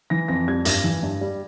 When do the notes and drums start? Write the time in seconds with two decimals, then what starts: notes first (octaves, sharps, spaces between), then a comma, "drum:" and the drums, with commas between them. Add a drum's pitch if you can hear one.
0.10 E3 A#6
0.28 F2 A#6
0.48 G3 G#6
0.65 G2 A#6, drum: hi-hat
0.84 E3
1.03 G2
1.21 G3